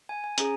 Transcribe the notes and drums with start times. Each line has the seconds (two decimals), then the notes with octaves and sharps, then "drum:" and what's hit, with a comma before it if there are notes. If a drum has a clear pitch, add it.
0.09 G#5
0.24 G#5
0.38 C#4 G#4 A#5, drum: hi-hat